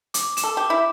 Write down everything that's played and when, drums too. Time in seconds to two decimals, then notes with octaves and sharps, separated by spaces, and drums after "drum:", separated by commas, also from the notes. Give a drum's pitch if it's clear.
0.14 D6, drum: hi-hat
0.37 E7, drum: hi-hat
0.44 A4
0.57 G4 D6
0.70 E4